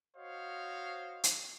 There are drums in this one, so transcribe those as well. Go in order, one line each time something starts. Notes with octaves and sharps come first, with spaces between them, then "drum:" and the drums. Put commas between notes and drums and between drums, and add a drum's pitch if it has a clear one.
F#4 C5 C#5 D#5 F5
drum: hi-hat